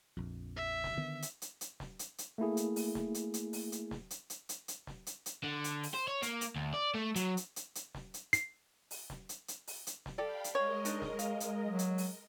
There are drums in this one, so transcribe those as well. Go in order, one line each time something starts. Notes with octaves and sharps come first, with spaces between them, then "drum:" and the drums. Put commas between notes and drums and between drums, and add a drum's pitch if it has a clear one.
A#1 F2
E5
drum: snare
D3 D#3 B3
drum: hi-hat
drum: hi-hat
drum: hi-hat
drum: snare
drum: hi-hat
drum: hi-hat
A3 A#3 E4 G#4
drum: hi-hat
drum: open hi-hat
drum: snare
drum: hi-hat
drum: hi-hat
drum: open hi-hat
drum: hi-hat
drum: snare
drum: hi-hat
drum: hi-hat
drum: hi-hat
drum: hi-hat
drum: snare
drum: hi-hat
drum: hi-hat
D3
drum: hi-hat
drum: open hi-hat
C5
C#5
A#3, drum: hi-hat
drum: hi-hat
D2
D5
A3
F#3, drum: hi-hat
drum: hi-hat
drum: hi-hat
drum: hi-hat
drum: snare
drum: hi-hat
C7, drum: hi-hat
drum: open hi-hat
drum: snare
drum: hi-hat
drum: hi-hat
drum: open hi-hat
drum: hi-hat
drum: snare
G4 A4 D5 F5 G5 B5
drum: hi-hat
G#3 A#4 C#5 D#5
D4 D#4, drum: hi-hat
drum: snare
F5, drum: hi-hat
drum: hi-hat
F#3
drum: hi-hat
drum: open hi-hat